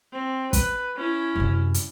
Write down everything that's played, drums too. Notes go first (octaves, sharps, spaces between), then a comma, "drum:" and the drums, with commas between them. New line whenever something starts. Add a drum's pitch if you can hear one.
C4
B4, drum: kick, hi-hat
C#4 E4
F#2 C3
drum: hi-hat